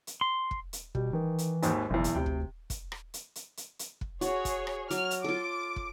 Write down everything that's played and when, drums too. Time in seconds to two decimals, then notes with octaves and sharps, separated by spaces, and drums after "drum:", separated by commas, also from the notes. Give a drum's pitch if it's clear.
0.07 drum: hi-hat
0.21 C6
0.51 drum: kick
0.73 drum: hi-hat
0.95 B2 G3, drum: kick
1.13 D#3 E3
1.38 drum: hi-hat
1.62 G#1 D#2 G#2, drum: hi-hat
1.90 F#1 B1 E2
2.04 drum: hi-hat
2.15 D2 C3 G5
2.26 drum: kick
2.70 drum: kick, hi-hat
2.92 drum: rim click
3.14 drum: hi-hat
3.35 drum: hi-hat
3.57 drum: hi-hat
3.79 drum: hi-hat
4.01 drum: kick
4.21 F#4 G#4 C#5, drum: hi-hat
4.45 drum: kick, hi-hat
4.67 drum: rim click
4.91 F#3 F6, drum: hi-hat
5.11 drum: hi-hat
5.24 F4 A4 D6
5.76 drum: kick